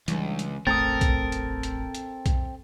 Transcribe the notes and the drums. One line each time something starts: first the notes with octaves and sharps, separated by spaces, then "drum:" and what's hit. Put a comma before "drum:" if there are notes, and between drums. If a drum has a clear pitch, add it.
C#2 E3 G3 D4, drum: hi-hat
drum: hi-hat
E1 A1 A3 C4 A4 A#4 D#6 A6
drum: kick B1, hi-hat
drum: hi-hat
drum: hi-hat
drum: hi-hat
drum: kick B1, hi-hat